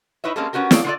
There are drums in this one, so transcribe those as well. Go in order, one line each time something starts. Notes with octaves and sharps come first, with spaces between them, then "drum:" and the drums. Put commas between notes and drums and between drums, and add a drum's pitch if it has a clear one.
D#4 E4 B4 C#5 E5
G#3 A#3 C4 C#4 G4 A4
B3 C#4 F#4 G4 A#4
G#4 A4 C#5 D5 F5 G5, drum: snare
D3 G3 F4 G#4 A4 D5